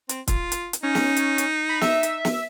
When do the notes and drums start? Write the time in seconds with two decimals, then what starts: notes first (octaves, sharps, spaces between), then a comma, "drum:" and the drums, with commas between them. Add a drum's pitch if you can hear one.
0.09 C4, drum: hi-hat
0.28 F4, drum: kick, hi-hat
0.52 drum: hi-hat
0.73 drum: hi-hat
0.83 C#4 D#4
0.95 drum: snare
1.17 drum: hi-hat
1.38 drum: hi-hat
1.69 B5
1.81 E5, drum: snare
2.03 drum: hi-hat
2.25 drum: snare